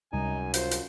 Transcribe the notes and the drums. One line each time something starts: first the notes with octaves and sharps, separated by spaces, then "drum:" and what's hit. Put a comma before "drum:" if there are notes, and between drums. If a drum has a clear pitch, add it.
C#2 F#2 C3 G3 D#4 G#5
F4 C5, drum: hi-hat
drum: hi-hat